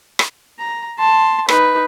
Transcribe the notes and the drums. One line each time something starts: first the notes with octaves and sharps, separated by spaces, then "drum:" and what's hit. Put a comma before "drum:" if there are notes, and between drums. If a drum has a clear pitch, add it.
drum: rim click
A#5
A5 C6
D#4 B4, drum: rim click